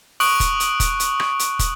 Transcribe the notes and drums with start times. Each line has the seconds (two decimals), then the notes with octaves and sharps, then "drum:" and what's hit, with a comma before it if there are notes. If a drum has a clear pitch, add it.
0.20 C#6 D#6 F#6 D7 F#7, drum: open hi-hat
0.40 drum: kick, hi-hat
0.60 drum: hi-hat
0.80 drum: kick, hi-hat
1.00 drum: hi-hat
1.20 drum: rim click
1.39 drum: hi-hat
1.59 drum: kick, hi-hat